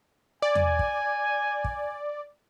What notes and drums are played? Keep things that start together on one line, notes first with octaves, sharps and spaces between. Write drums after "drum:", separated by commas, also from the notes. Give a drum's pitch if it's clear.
D5 G#5
drum: tom E2
drum: kick
drum: kick